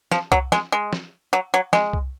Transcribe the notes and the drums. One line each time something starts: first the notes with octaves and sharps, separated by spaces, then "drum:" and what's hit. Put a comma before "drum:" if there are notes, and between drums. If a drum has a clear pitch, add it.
F3, drum: snare
F#3, drum: kick C2
G#3, drum: snare
G#3
drum: snare
F#3
F#3
G#3, drum: snare
drum: kick C2